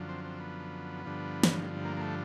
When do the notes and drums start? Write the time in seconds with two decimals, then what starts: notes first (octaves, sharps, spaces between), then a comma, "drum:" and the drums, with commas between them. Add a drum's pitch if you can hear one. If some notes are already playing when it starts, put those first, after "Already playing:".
Already playing: F#2 D3 F3
0.09 C4
0.25 C4
0.40 B3
1.05 G2 D3 F3
1.43 drum: snare
1.85 A#3
1.97 A#3
2.01 A3